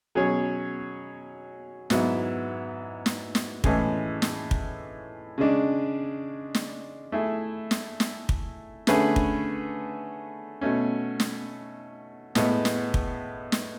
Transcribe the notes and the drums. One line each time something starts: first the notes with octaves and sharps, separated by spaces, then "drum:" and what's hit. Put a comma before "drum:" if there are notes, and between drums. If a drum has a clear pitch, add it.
B2 F#3 C#4 G#4 C#5
G#2 F#3 B3 E4, drum: snare
drum: snare
drum: snare
A2 E3 G#3 C#4 G#4, drum: kick
drum: snare
drum: kick
C#3 G#3 D4
drum: snare
A3 E4 G#4
drum: snare
drum: snare
drum: kick
D3 A3 C#4 G#4 B4, drum: snare
drum: kick
B2 A3 C#4
drum: snare
A2 G#3 B3, drum: snare
drum: snare
drum: kick
drum: snare